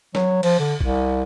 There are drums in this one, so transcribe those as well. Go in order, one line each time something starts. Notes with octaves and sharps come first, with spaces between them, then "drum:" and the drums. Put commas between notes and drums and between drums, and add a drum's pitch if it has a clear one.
F#3, drum: snare
F3, drum: cymbal
D3
C2, drum: kick